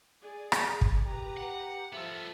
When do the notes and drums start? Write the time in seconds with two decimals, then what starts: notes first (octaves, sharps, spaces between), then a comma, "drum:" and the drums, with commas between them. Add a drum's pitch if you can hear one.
0.22 G#4 D5
0.52 drum: rim click
0.81 drum: kick
1.05 G4 B4 A#5
1.37 F#5
1.93 F3 B3 A4 E5